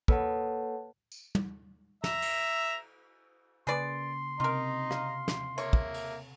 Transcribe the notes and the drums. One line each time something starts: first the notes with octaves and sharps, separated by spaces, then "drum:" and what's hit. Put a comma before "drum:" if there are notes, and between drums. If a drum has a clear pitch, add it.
A#3 A4 B4 C#5 F#5 A5, drum: kick
drum: tambourine
drum: tom
E5 A#5, drum: snare
drum: cymbal
C#3 A#3 G#4 B4 D5 C6
C3 F4 A#4 D#5 A#5
F5, drum: rim click
drum: snare
A#3 C#5 E5
drum: kick
drum: cymbal